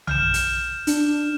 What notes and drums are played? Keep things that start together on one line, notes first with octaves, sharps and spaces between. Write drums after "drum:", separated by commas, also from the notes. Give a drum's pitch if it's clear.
F6 G6 E7, drum: tom B1
drum: hi-hat
D4, drum: hi-hat